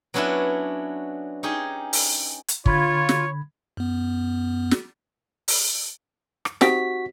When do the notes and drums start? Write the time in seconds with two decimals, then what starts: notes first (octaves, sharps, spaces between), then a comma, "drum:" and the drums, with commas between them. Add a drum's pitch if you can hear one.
0.14 F#3 B3 C#4 D4 E4 F#4
1.43 C#4 D#4 G4 G#4
1.93 drum: open hi-hat
2.48 drum: hi-hat
2.66 D3 F4 C#5 B5 G#6, drum: kick
3.09 drum: snare
3.77 F#2 B3
4.71 drum: snare
5.48 drum: open hi-hat
6.45 drum: rim click
6.61 C4 D#4 F#4 G4 B6, drum: snare